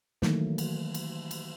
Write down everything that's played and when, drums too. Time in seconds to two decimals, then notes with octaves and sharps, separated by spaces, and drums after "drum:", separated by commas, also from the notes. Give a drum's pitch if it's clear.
0.22 D#3 E3 F#3 A3 A#3, drum: snare
0.58 drum: cymbal
0.95 drum: cymbal
1.31 drum: cymbal